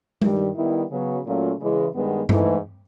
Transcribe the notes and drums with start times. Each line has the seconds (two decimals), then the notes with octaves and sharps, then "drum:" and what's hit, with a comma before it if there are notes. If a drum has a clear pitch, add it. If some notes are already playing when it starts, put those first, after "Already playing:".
0.22 G2 D#3 G3, drum: tom G#3
0.56 D#3 G3 B3 E4
0.90 C#3 F#3 B3
1.25 A#2 F#3 A3 C#4 F4
1.60 C#3 E3 G#3
1.94 G2 D#3 G#3 B3
2.29 G#2 E3 A3, drum: tom G2